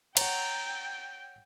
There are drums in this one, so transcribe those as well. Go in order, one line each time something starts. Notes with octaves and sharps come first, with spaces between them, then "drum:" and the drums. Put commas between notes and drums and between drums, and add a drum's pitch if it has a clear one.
C#5 F#5 G5 A#5, drum: cymbal